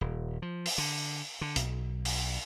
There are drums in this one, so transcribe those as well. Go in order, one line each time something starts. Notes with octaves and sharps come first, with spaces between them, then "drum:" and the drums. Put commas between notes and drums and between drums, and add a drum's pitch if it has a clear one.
D#1
F3
drum: open hi-hat
D3
D3
B1, drum: hi-hat
drum: open hi-hat